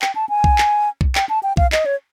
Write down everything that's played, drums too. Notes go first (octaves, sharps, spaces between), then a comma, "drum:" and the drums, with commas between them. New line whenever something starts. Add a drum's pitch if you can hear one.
G5, drum: clap
A5
G#5
drum: kick B1
drum: clap
drum: kick B1
G5, drum: clap
A5
G5
F5, drum: kick B1
D#5, drum: clap
C#5